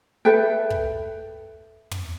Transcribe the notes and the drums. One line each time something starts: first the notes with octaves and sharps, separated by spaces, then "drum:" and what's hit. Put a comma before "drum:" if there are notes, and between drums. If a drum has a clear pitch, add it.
A4 B4 E5 G5
drum: kick
drum: tom